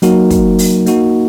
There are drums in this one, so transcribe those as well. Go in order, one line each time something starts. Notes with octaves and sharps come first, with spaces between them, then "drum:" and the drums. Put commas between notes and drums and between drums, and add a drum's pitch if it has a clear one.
F#3 A#3 D#4 F#4 A#4, drum: hi-hat
drum: kick, hi-hat
drum: open hi-hat
A#3 D#4 F#4, drum: hi-hat